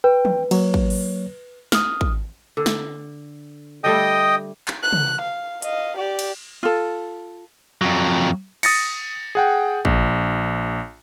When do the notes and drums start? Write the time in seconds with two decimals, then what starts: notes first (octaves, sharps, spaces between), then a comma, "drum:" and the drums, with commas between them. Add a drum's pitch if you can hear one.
0.04 B4 G5
0.25 drum: tom
0.51 F#3 A#3 C#5, drum: cymbal
0.74 drum: kick
0.90 drum: open hi-hat
1.72 D#6 F6, drum: snare
2.01 drum: kick
2.57 D3
2.66 drum: snare
3.84 D3 G3 A3 D#5 G5 D#6
4.68 drum: clap
4.83 F#6
4.93 drum: tom
5.21 F5
5.62 D#5 F5, drum: hi-hat
5.97 G4 D5
6.19 drum: cymbal
6.63 F4 A4
7.82 F2 F#3
8.63 D#6 A6 A#6 C#7, drum: cymbal
9.35 G#4 F#5 G5
9.85 A#1, drum: kick